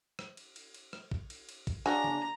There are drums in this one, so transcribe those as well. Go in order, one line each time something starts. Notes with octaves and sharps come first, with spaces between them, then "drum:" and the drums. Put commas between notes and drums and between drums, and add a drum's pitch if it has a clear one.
drum: rim click
drum: cymbal
drum: cymbal
drum: cymbal
drum: rim click
drum: kick
drum: cymbal
drum: cymbal
drum: kick, cymbal
C#3 D4 F#4 G#4 A#5, drum: rim click
drum: tom C#3